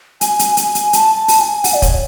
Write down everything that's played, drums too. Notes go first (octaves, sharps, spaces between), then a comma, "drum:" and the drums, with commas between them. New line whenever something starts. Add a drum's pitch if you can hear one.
G#5, drum: hi-hat
drum: hi-hat
G#5, drum: hi-hat
drum: hi-hat
A5, drum: hi-hat
A5
drum: open hi-hat
G#5
F#5, drum: open hi-hat
D5
C#5, drum: kick, hi-hat